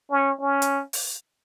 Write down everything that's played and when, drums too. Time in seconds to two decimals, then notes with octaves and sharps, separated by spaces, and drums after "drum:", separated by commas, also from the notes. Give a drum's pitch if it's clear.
0.11 C#4
0.41 C#4
0.62 drum: hi-hat
0.93 drum: open hi-hat